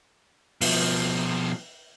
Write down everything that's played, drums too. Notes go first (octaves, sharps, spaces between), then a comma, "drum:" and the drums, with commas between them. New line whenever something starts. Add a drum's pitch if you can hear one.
B2 F3, drum: open hi-hat